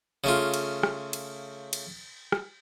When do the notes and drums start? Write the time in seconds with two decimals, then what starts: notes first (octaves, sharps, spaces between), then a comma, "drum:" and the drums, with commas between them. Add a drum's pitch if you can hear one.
0.24 C#3 A3 F4
0.54 drum: cymbal
0.83 drum: rim click
1.13 drum: cymbal
1.73 drum: cymbal
2.32 drum: rim click